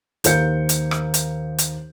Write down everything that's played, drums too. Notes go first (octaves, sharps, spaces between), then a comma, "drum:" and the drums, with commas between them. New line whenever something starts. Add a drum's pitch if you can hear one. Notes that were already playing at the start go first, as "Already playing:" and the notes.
D#2 A#4 C5 F5 G6 C#7, drum: hi-hat
drum: hi-hat
drum: rim click
drum: hi-hat
drum: hi-hat